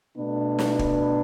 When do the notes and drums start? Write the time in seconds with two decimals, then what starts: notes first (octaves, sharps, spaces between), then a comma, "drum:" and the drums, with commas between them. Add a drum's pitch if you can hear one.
0.17 B2 A3 B3 D4
0.59 drum: snare
0.79 drum: kick